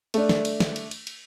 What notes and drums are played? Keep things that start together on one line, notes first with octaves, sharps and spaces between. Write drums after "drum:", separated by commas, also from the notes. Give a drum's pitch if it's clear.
A3 D4, drum: cymbal
drum: snare
drum: cymbal
drum: snare
drum: cymbal
drum: cymbal
drum: cymbal